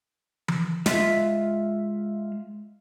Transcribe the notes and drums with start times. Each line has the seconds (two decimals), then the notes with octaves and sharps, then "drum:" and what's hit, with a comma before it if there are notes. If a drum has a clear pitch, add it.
0.48 drum: tom E3
0.86 G#3 F4 E5, drum: snare